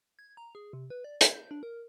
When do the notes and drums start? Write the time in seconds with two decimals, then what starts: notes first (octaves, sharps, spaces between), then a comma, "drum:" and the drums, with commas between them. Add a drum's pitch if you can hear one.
0.19 G#6
0.37 A#5
0.55 G#4
0.73 C3
0.90 B4
1.04 D5
1.21 G#6, drum: hi-hat
1.34 G6
1.51 D4
1.63 A#4